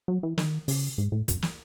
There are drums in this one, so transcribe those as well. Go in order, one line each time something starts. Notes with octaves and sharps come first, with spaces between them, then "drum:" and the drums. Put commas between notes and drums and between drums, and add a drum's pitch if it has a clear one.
F#3
E3
D#3, drum: snare
C#3, drum: open hi-hat
G#2
A2
F#2, drum: kick, hi-hat
drum: snare